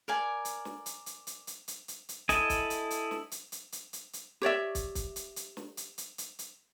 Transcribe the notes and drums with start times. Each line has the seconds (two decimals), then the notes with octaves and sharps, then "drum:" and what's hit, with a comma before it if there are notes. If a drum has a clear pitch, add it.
0.08 A#4 D5 G#5
0.45 drum: hi-hat
0.65 drum: snare
0.86 drum: hi-hat
1.06 drum: hi-hat
1.27 drum: hi-hat
1.47 drum: hi-hat
1.68 drum: hi-hat
1.88 drum: hi-hat
2.09 drum: hi-hat
2.29 E4 A4 D#5 G#5, drum: kick, hi-hat
2.50 drum: kick, hi-hat
2.70 drum: hi-hat
2.91 drum: hi-hat
3.11 drum: snare
3.31 drum: hi-hat
3.52 drum: hi-hat
3.72 drum: hi-hat
3.93 drum: hi-hat
4.13 drum: hi-hat
4.42 G4 C#5 D5 E5
4.75 drum: kick, hi-hat
4.95 drum: kick, hi-hat
5.16 drum: hi-hat
5.36 drum: hi-hat
5.57 drum: snare
5.77 drum: hi-hat
5.98 drum: hi-hat
6.18 drum: hi-hat
6.39 drum: hi-hat